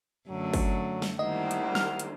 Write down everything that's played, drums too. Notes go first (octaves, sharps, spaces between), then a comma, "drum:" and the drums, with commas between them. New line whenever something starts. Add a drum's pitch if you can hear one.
F#2 D3 F#3 A3
drum: kick, open hi-hat
drum: snare
D#3 G3 A#3 D4 E4 C5 D#5 F#5
drum: hi-hat
F6, drum: snare
drum: hi-hat